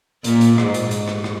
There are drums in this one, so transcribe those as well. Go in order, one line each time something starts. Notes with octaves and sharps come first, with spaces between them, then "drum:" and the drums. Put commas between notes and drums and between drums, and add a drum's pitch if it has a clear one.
A#2, drum: hi-hat
drum: hi-hat
G#2, drum: rim click
drum: hi-hat
drum: hi-hat
drum: rim click
drum: rim click